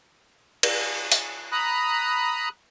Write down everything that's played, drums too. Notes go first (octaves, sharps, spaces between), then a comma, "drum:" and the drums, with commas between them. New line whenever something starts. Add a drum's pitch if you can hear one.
drum: cymbal
drum: open hi-hat
A#5 B5 D#6 F#6